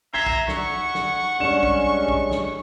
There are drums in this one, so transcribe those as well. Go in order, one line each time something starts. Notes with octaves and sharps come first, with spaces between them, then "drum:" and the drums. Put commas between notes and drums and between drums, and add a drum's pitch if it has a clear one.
E5 A#5 G#6 C7 G7
drum: kick B1
F#5 C#6, drum: snare
drum: snare
G3 G#3 C#4 D4 E7
drum: kick B1
drum: kick B1
drum: snare